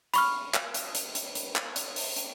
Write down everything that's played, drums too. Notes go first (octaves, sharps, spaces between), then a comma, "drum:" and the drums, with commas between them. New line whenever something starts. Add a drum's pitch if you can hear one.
B5 C#6 F6, drum: hi-hat
drum: clap
drum: hi-hat
drum: hi-hat
drum: hi-hat
drum: hi-hat
drum: clap
drum: hi-hat
drum: open hi-hat
drum: hi-hat